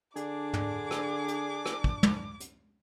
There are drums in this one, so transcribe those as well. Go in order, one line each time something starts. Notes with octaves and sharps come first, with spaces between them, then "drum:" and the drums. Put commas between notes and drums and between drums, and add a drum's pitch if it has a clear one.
D3 D4 G#4 D6, drum: hi-hat
drum: tom
drum: rim click
drum: hi-hat
drum: rim click
drum: kick
drum: tom
drum: hi-hat